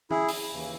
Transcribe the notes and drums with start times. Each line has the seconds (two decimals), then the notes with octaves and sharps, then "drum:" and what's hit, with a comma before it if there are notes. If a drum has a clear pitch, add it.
0.11 E4 G#4, drum: tom
0.28 drum: open hi-hat
0.53 D#2 C#3 E3